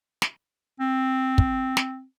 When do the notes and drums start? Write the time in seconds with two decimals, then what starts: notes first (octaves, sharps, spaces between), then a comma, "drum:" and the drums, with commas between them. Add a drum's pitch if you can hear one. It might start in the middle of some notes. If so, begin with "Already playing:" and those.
0.22 drum: snare
0.80 C4
1.38 drum: kick
1.77 drum: snare